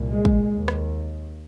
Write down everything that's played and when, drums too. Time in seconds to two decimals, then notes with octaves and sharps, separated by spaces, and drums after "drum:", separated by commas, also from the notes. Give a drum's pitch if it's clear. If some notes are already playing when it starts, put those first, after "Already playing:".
Already playing: C2 A#2
0.10 G#3
0.25 drum: kick
0.53 D#2
0.68 drum: rim click